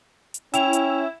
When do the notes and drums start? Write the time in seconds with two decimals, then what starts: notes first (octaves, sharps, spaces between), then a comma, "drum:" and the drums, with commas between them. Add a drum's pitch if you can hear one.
0.34 drum: hi-hat
0.54 C#4 E4 G5 F7, drum: hi-hat
0.73 drum: hi-hat